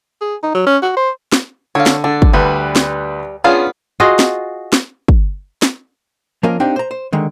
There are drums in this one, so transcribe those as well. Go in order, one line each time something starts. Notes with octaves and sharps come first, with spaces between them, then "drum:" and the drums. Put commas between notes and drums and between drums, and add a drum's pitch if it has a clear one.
G#4
D#4
F#3
C#4
F#4
C5
drum: snare
D3 C#5 F5
drum: snare
D3 D4
drum: kick
D2 G3 B4
drum: snare
B3 C#4 D4 F4 G#4 F5
F4 F#4 G#4 D#5
drum: snare
drum: snare
drum: kick
drum: snare
F3 A#3 C#4 A#4 D#5 F5
C4 D4 D#4 G4 F5 G5
C5 A#5
C5
D3 D#3 G#3